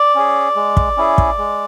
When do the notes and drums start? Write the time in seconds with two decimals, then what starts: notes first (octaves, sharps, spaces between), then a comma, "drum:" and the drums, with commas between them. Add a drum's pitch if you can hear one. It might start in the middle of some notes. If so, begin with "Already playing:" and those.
Already playing: D5
0.15 C#4 G#4
0.56 G#3
0.77 drum: kick
0.97 C#4 E4 G#4
1.18 drum: kick
1.38 G#3